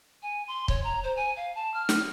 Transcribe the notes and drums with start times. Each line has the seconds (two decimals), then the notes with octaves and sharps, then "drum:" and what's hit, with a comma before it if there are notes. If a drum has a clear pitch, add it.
0.22 G#5
0.47 C6
0.68 C#5, drum: kick
0.83 A#5
1.03 C5
1.16 G#5
1.36 F5
1.54 A5
1.73 F6
1.89 drum: snare